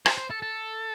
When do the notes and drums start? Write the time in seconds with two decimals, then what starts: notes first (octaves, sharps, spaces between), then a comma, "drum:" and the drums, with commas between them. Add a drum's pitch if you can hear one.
0.06 C5, drum: rim click
0.18 C5
0.31 A4
0.42 A4